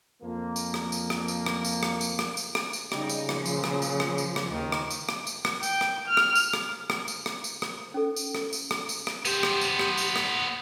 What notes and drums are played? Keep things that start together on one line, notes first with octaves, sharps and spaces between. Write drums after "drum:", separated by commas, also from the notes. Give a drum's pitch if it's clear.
F2 F3 A#3
drum: tambourine
drum: rim click
drum: tambourine
drum: rim click
drum: tambourine
drum: rim click
drum: tambourine
drum: rim click
drum: tambourine
drum: rim click
drum: tambourine
drum: rim click
drum: tambourine
C#3 G3 D#4, drum: rim click
drum: tambourine
A#2 F3, drum: rim click
drum: tambourine
drum: rim click
drum: tambourine
drum: rim click
drum: tambourine
drum: rim click
D#2 D#3
drum: rim click
drum: tambourine
drum: rim click
drum: tambourine
drum: rim click
G5, drum: tambourine
drum: rim click
F6
drum: rim click
drum: tambourine
drum: rim click
drum: rim click
drum: tambourine
drum: rim click
drum: tambourine
drum: rim click
C#4 A4
drum: tambourine
drum: rim click
drum: tambourine
drum: rim click
drum: tambourine
drum: rim click
B3 G4 C5, drum: tambourine
drum: rim click
drum: tambourine
drum: rim click
drum: tambourine
drum: rim click